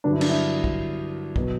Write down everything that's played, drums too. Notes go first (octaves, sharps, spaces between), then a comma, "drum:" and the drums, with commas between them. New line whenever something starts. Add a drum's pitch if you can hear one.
G2 D3 F#3 D4
E4
D4, drum: cymbal
E4
drum: kick
B2 F#3, drum: kick